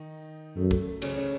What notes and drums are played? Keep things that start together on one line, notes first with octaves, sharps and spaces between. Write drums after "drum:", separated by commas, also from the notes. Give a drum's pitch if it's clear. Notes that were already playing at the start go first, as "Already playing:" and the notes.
Already playing: D#3 D#4
F#2 A3
A3, drum: kick
A3
C#3 C#4, drum: cymbal
C#3 C#4